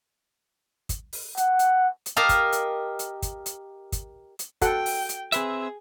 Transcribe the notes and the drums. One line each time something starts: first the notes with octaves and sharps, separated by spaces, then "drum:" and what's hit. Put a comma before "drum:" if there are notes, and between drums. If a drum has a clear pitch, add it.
drum: kick, hi-hat
drum: open hi-hat
F#5, drum: hi-hat
drum: hi-hat
drum: hi-hat
G4 A#4 D#5 F5 A5
drum: kick, hi-hat
drum: hi-hat
drum: hi-hat
drum: kick, hi-hat
drum: hi-hat
drum: kick, hi-hat
drum: hi-hat
F#4 A4 F#5 G5, drum: kick, hi-hat
drum: open hi-hat
drum: hi-hat
C4 G#4 B4 E5, drum: hi-hat